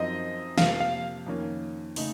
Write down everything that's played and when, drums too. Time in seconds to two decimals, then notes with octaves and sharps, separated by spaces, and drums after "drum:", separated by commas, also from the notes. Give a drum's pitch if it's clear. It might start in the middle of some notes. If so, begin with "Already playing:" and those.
Already playing: F#2 F3 C4 D#4 D#5
0.58 F2 C3 F3 A#3 F5, drum: snare
0.80 F5
1.26 F2 D#3 A#3 C#4
1.96 C#3 A3 D#4, drum: open hi-hat